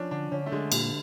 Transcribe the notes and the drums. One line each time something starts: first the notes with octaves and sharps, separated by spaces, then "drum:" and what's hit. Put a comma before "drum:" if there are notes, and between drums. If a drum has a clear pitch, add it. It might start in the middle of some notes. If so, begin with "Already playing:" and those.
Already playing: F3 C#4 D4
D3 D4
D3 C#4
A3
D3 G#3
A#2 G3, drum: cymbal